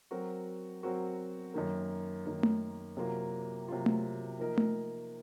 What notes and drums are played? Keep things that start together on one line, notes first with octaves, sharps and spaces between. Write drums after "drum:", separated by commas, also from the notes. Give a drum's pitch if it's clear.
F#3 C4 F#4 A#4
F#3 C4 F#4 A#4
F#2 D#3 A#3
F#2 D#3 A#3
drum: tom A3
C3 F#3 A#3 F4
C3 F#3 A#3 F4
drum: tom A3
F3 A#3 D#4 A#4
drum: tom A3